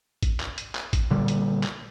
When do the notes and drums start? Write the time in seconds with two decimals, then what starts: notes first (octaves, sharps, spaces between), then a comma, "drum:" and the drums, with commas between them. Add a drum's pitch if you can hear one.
0.23 drum: kick, hi-hat
0.40 drum: clap
0.58 drum: hi-hat
0.75 drum: clap
0.93 drum: kick, hi-hat
1.11 A#2 D3 G3
1.28 drum: hi-hat
1.63 drum: clap